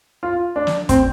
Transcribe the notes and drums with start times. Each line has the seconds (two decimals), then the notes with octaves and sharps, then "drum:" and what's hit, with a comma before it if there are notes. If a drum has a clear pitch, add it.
0.23 F4
0.56 D4
0.67 drum: snare
0.89 C4, drum: kick, hi-hat